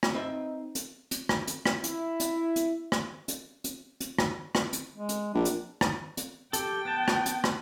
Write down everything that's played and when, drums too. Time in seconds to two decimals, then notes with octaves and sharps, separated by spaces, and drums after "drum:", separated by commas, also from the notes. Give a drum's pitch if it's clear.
0.03 drum: rim click
0.13 C4 D#4 B4 E5
0.75 drum: hi-hat
1.11 drum: hi-hat
1.29 drum: rim click
1.47 drum: hi-hat
1.65 drum: rim click
1.84 E4, drum: hi-hat
2.20 drum: hi-hat
2.56 drum: hi-hat
2.92 drum: rim click
3.28 drum: hi-hat
3.64 drum: hi-hat
4.00 drum: hi-hat
4.19 drum: rim click
4.55 drum: rim click
4.73 drum: hi-hat
4.96 G#3
5.09 drum: hi-hat
5.34 A#1 D4
5.45 drum: hi-hat
5.81 drum: rim click
6.17 drum: hi-hat
6.53 G4 A4 G5, drum: hi-hat
6.85 B3 A5
7.08 drum: rim click
7.26 drum: hi-hat
7.44 drum: rim click